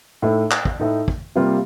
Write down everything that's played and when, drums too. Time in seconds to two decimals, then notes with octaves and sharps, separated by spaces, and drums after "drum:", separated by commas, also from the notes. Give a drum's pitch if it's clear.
0.22 A2 A3 D#4
0.51 drum: clap
0.65 drum: kick
0.80 A2 A3 D#4
1.08 drum: kick
1.36 C3 G3 A#3 F4